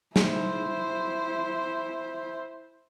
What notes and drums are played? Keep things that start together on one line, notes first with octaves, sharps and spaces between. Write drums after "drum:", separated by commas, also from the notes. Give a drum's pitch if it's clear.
E4 C5, drum: snare